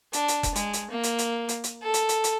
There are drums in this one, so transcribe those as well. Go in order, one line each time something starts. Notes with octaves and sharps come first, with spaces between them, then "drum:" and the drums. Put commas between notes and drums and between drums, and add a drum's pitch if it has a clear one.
D4, drum: hi-hat
drum: hi-hat
drum: kick F1, hi-hat
G#3, drum: hi-hat
drum: hi-hat
A#3
drum: hi-hat
drum: hi-hat
drum: hi-hat
drum: hi-hat
A4
drum: hi-hat
drum: hi-hat
drum: hi-hat